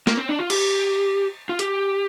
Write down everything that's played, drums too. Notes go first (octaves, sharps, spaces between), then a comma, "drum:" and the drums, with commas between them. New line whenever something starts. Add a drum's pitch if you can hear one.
A#3, drum: snare
C4
D4
F4
G4, drum: cymbal
F4
G4, drum: hi-hat